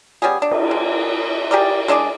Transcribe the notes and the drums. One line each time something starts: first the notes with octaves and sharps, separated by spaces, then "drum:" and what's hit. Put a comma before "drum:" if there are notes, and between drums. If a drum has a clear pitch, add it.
G3 B3 C#4 G#4
D4
drum: cymbal
G#3
G4 G#4 A#4 D5
G#3 D4 G#4 D5